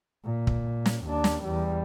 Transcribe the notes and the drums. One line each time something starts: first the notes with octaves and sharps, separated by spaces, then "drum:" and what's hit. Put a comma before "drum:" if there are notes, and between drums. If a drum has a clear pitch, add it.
A#2
drum: kick
drum: snare
D#2 D4
drum: snare
E2 G3